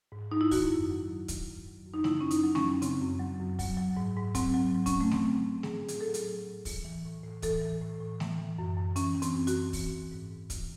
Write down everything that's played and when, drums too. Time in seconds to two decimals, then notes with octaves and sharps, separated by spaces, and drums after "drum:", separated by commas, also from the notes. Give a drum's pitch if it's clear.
0.12 G#2
0.31 G#2 D#4
0.41 E4
0.51 D#3 F#4, drum: kick, open hi-hat
0.70 F#2
0.90 F#3
1.08 F#2
1.28 D#3, drum: kick, hi-hat
1.46 F#2
1.67 F#3
1.86 F#2
1.94 D#4
2.04 C#3 E4, drum: snare A3
2.21 F#2 C#4
2.31 D#4, drum: hi-hat
2.43 F#3
2.55 C#4, drum: snare A3
2.62 F#2
2.82 C#3 C4, drum: hi-hat
3.01 F#2
3.19 F#3
3.40 F#2
3.59 F#3, drum: kick, open hi-hat
3.77 F#3
3.97 G#2
4.16 G#2
4.35 F#3 C4, drum: kick, hi-hat
4.54 F#3
4.74 G#2
4.86 C#4, drum: kick, hi-hat
4.92 G#2
5.01 A3
5.12 F#3 C4, drum: snare A3
5.31 F#3
5.50 A2
5.63 G#4, drum: snare A3
5.70 A2
5.88 F#3 G#4, drum: hi-hat
6.01 A4
6.09 F#3
6.14 G#4, drum: hi-hat
6.28 A2
6.47 A2
6.65 E3, drum: kick, open hi-hat
6.84 E3
7.05 A2
7.23 A2
7.42 E3 A4, drum: kick, hi-hat
7.61 E3
7.82 A2
8.01 A2
8.20 E3, drum: snare A3
8.38 E3
8.58 F#2
8.77 F#2
8.96 E3 C#4, drum: hi-hat
9.15 E3
9.22 C4, drum: hi-hat
9.35 F#2
9.47 F#4, drum: hi-hat
9.53 F#2
9.73 E3, drum: kick, open hi-hat
9.93 E3
10.12 G#2
10.31 G#2
10.50 E3, drum: kick, hi-hat